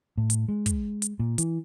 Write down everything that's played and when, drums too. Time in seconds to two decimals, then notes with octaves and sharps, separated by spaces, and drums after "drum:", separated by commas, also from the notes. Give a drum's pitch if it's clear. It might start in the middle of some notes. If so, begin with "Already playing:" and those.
0.17 A2
0.30 drum: hi-hat
0.48 G#3
0.66 drum: kick, hi-hat
1.02 drum: hi-hat
1.19 A#2
1.38 E3, drum: hi-hat